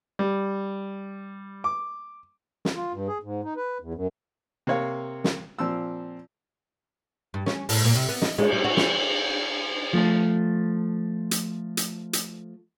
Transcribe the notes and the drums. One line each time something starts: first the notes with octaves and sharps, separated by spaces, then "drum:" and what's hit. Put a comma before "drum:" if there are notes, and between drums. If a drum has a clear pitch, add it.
G3
D6
drum: snare
F4
G2
G#4
G#2
D#4
B4
E2
F#2
C3 A#3 C#5 F5
drum: snare
A#2 F3 C4 E6
G2
C#4, drum: snare
A2, drum: open hi-hat
A#2
C3
B3
D#4, drum: snare
G#3, drum: cymbal
G3
F#4
F4, drum: snare
F3 A3
drum: hi-hat
drum: hi-hat
drum: hi-hat